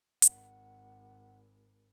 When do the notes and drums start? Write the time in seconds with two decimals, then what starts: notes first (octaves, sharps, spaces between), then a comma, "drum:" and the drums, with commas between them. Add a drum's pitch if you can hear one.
0.22 G#1 F#5, drum: hi-hat